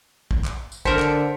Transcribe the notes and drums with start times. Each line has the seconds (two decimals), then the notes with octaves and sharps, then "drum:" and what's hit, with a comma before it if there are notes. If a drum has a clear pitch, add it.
0.31 drum: kick
0.44 drum: clap
0.72 drum: tambourine
0.85 D3 A#4 C5 A5 B6 C#7, drum: kick
0.99 drum: clap